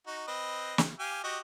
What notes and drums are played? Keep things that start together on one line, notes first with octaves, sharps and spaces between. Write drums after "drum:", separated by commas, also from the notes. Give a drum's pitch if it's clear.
D#4 F#4
C4 B4 D#5
drum: snare
G4 F5 G#5
F#4 G4 D#5